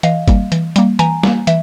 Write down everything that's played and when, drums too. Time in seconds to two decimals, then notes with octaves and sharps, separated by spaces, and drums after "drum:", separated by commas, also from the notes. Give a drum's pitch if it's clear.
0.03 E3 D#5 F5, drum: hi-hat
0.28 G3 A#3, drum: kick G1, hi-hat
0.52 E3, drum: hi-hat
0.76 G3 A#3, drum: hi-hat
0.99 E3 G#5 A#5, drum: hi-hat
1.23 G3 A#3, drum: snare
1.47 E3 E5, drum: hi-hat